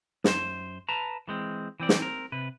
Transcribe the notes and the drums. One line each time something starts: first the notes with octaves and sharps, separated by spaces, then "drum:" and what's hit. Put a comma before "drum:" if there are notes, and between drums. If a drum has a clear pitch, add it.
F#2 C5, drum: snare
B4 A5 A#5
E3 G#3 C4
E3 C4 D5
drum: snare
C4 A#4
C3 B4